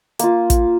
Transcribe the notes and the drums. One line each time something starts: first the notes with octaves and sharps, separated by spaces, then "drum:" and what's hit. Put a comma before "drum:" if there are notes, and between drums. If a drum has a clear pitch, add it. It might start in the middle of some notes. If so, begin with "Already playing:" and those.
A#3 F4, drum: hi-hat
drum: kick, hi-hat